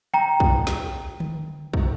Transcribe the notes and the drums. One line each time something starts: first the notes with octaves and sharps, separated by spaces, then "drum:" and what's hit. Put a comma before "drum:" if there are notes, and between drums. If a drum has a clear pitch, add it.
G5 A#5
drum: kick
drum: snare
drum: tom D3
drum: kick